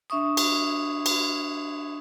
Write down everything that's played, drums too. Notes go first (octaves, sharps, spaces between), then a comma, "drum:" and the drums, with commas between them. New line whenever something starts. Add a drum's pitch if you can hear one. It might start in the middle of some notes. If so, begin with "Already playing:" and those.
D4 E5 C#6 D#6
drum: cymbal
drum: cymbal